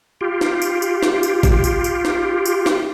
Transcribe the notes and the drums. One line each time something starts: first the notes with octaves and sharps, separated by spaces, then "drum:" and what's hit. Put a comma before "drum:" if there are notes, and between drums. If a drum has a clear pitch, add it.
F4 G4
drum: snare
drum: tambourine
drum: tambourine
drum: snare
drum: tambourine
drum: kick, tambourine
drum: tambourine
drum: tambourine
drum: snare
drum: tambourine
drum: snare